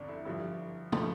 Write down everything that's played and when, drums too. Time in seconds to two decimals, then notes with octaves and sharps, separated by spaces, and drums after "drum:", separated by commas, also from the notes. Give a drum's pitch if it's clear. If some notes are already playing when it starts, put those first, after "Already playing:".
Already playing: G1 F2 D3 D4
0.08 E4
0.25 G1 G2 F3 E4
0.92 F3 A3, drum: tom